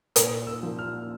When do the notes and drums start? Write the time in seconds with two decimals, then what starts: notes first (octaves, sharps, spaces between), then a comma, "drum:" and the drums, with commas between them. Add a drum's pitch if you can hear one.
0.16 A#2 D#6, drum: hi-hat
0.47 E6
0.63 F3 A#3
0.79 F6